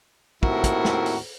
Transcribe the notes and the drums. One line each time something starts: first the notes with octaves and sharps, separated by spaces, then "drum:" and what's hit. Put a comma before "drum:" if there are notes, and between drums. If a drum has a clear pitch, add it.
D#2 A2 C4 E4 F#4 A#4, drum: kick
drum: kick, hi-hat
drum: snare
drum: open hi-hat